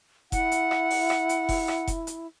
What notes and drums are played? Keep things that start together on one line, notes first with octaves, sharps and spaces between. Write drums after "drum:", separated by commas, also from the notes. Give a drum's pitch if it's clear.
E4 F#5, drum: kick F1, hi-hat
drum: hi-hat
drum: rim click
drum: open hi-hat
drum: rim click
drum: hi-hat
drum: kick F1, open hi-hat
drum: rim click
drum: kick F1, hi-hat
drum: hi-hat